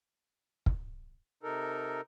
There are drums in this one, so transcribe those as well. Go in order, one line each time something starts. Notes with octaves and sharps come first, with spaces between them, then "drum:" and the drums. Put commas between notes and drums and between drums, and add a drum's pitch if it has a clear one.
drum: kick
C3 D#4 A4 A#4